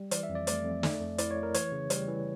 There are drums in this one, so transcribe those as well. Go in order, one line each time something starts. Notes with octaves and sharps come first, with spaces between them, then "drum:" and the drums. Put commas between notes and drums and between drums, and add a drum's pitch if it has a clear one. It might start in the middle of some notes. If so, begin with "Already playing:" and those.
Already playing: G3
E3 D5, drum: hi-hat
E5
F2
D5
A3 D5, drum: hi-hat
F2
A3, drum: snare
F2
E4 D5, drum: hi-hat
C#5
A3
A#4
E3 C#5, drum: hi-hat
C#3
G3, drum: hi-hat
E3